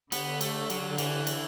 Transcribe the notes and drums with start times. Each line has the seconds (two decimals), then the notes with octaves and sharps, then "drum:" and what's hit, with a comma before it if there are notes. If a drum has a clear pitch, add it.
0.12 D3 B3, drum: cymbal
0.41 A3, drum: cymbal
0.70 F#3, drum: cymbal
0.98 E3, drum: cymbal
1.27 drum: cymbal